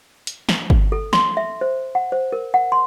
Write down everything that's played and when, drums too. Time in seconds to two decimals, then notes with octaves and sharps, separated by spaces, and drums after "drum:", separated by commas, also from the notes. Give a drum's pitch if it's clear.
0.27 drum: hi-hat
0.49 drum: snare
0.70 drum: kick G1
0.92 A4
1.13 C6, drum: snare
1.37 E5
1.61 C5
1.95 F#5
2.12 C5
2.32 A#4
2.54 F#5
2.72 C6